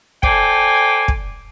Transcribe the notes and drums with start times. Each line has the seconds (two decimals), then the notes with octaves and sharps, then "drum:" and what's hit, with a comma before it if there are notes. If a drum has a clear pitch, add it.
0.23 A4 C5 D5 G5 G#5, drum: kick
1.08 drum: kick